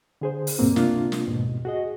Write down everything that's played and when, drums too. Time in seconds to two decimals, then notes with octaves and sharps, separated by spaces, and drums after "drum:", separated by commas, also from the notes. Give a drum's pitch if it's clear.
0.21 D3 G#4 C5
0.47 drum: open hi-hat
0.59 C#2 G2 A#2 A#3 C4
0.76 C3 A#3 D4 F4, drum: snare
1.12 drum: snare
1.27 D#2 G#2 B2
1.65 F#4 G#4 D#5